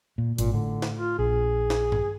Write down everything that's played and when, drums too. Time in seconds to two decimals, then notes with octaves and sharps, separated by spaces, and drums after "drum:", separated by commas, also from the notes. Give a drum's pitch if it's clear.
0.18 A#2
0.38 G#1 A#2, drum: hi-hat
0.53 A2 D3
0.82 drum: snare
0.97 F4
1.19 A#1 G#4
1.70 drum: snare
1.92 drum: tom G2